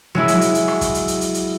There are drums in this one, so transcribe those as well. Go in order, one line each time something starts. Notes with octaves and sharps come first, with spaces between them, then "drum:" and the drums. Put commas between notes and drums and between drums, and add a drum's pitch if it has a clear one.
F#3 G#3 E4
drum: hi-hat
drum: hi-hat
drum: hi-hat
drum: rim click
drum: kick, hi-hat
drum: hi-hat
drum: hi-hat
drum: hi-hat
drum: hi-hat